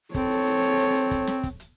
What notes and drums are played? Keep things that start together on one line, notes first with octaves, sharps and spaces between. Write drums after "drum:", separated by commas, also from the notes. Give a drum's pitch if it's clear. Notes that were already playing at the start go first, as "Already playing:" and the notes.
C4 A4 C#5, drum: kick, hi-hat
drum: hi-hat
drum: hi-hat
drum: hi-hat
drum: hi-hat
drum: hi-hat
drum: kick, hi-hat
drum: snare
drum: kick, hi-hat
drum: hi-hat